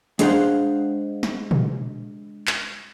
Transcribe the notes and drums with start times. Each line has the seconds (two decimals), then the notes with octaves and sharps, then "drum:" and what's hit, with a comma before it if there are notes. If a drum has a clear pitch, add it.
0.19 G#3 D4 G#4 C5 F5 F#5, drum: hi-hat
1.23 drum: snare
1.51 drum: tom A#2
2.47 drum: clap